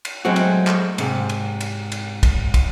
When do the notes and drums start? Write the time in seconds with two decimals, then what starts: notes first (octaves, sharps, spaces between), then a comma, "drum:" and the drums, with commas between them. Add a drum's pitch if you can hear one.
0.05 drum: cymbal
0.25 F#3 G#3 A3 C4 F#4
0.36 drum: cymbal
0.67 drum: clap
0.98 G#2 C3, drum: cymbal
1.29 drum: cymbal
1.61 drum: cymbal
1.92 drum: cymbal
2.23 drum: kick, cymbal
2.54 drum: kick, cymbal